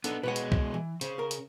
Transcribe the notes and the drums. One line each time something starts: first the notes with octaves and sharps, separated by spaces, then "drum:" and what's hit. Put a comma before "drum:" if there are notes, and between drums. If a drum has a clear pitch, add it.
B3 D4 D#4 A4, drum: hi-hat
B2 G#3 B4 C#5 F#5
drum: hi-hat
drum: kick
E3
C#3 C5, drum: hi-hat
A#4
drum: hi-hat